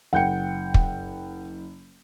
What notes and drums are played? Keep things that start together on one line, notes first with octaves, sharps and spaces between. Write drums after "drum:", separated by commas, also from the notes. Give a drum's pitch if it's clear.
F#1 F#5 G5 G6 C#7
drum: kick